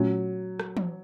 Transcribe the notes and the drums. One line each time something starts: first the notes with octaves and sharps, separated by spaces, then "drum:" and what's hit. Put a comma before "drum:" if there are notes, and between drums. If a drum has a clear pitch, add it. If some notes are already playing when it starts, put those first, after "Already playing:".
Already playing: A#2 F#3 A3 C#4 F4
drum: rim click
drum: tom E3